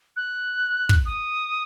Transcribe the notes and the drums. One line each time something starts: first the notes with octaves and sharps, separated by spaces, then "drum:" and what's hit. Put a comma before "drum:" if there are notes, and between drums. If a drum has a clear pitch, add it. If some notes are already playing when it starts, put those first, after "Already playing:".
F#6
drum: kick
D#6